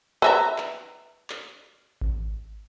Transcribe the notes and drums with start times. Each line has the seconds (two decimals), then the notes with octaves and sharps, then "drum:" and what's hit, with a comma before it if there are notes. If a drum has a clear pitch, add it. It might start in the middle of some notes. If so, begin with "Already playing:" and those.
0.22 B4 E5 A#5
0.58 drum: clap
1.30 drum: clap
2.02 drum: kick G#1